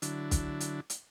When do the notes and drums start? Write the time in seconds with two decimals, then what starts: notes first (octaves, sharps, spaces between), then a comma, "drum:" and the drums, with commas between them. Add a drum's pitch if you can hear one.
0.02 D3 F#3 D4 E4, drum: hi-hat
0.31 drum: kick, hi-hat
0.60 drum: hi-hat
0.90 drum: hi-hat